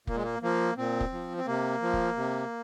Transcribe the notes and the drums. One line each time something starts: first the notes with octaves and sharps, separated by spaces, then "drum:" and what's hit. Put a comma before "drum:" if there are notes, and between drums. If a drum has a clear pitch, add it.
A#2 A#3, drum: kick
G#3
A#3
F3 A#3
A#2 C4
drum: kick
F3
C4
C3 A#3
F3
drum: kick
C3